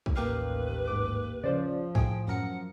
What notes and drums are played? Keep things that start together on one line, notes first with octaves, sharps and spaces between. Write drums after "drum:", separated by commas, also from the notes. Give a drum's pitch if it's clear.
drum: kick A#1
A1 D#2 A#3 G4 B4 F5
G#2 D6
C#3 F3 F4 C5 D5
A2 G#4 G5, drum: kick A#1
F#2 A#4 F#5 C#7